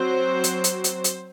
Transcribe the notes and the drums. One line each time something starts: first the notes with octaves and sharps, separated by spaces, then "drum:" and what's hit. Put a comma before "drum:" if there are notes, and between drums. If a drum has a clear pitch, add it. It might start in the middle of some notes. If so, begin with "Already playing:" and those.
Already playing: F#3 C4 C5
drum: hi-hat
drum: hi-hat
drum: hi-hat
drum: hi-hat